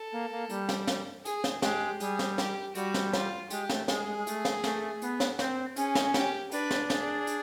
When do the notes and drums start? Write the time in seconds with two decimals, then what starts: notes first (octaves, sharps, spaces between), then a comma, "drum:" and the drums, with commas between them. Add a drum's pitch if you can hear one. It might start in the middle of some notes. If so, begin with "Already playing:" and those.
Already playing: A4
0.12 A#3
0.31 A#3
0.49 G3, drum: hi-hat
0.69 drum: snare
0.87 drum: snare
1.25 G#4, drum: hi-hat
1.44 drum: snare
1.62 G#3 G4, drum: snare
2.00 G3 G#4, drum: hi-hat
2.19 drum: snare
2.38 G4, drum: snare
2.75 G3 F#4, drum: hi-hat
2.94 drum: snare
3.13 F4, drum: snare
3.50 G#3 G4, drum: hi-hat
3.69 A3, drum: snare
3.88 G#3 G#4, drum: snare
4.07 G#3
4.17 G#3
4.27 A3, drum: hi-hat
4.45 drum: snare
4.64 A3, drum: snare
5.02 B3, drum: hi-hat
5.20 drum: snare
5.39 C4, drum: snare
5.76 C#4 G#4, drum: hi-hat
5.95 drum: snare
6.14 G4, drum: snare
6.52 D4 B4, drum: hi-hat
6.71 drum: snare
6.90 G#4, drum: snare
7.27 drum: hi-hat